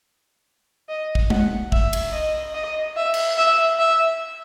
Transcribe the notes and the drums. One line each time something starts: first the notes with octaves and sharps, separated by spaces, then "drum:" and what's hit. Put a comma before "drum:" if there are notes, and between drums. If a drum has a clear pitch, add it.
D#5
drum: kick
F#5, drum: tom G#3
E5, drum: kick
drum: cymbal
D#5
D#5
E5
drum: cymbal
E5
E5